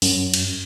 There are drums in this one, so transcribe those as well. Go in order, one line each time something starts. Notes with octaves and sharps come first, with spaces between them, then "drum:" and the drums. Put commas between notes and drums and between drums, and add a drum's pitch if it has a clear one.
F#2, drum: open hi-hat
drum: cymbal